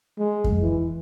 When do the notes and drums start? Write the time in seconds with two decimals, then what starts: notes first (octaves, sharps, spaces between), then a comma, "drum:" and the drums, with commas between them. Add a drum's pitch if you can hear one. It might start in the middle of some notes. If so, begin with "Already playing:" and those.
0.18 G#3
0.44 drum: kick F2
0.61 E3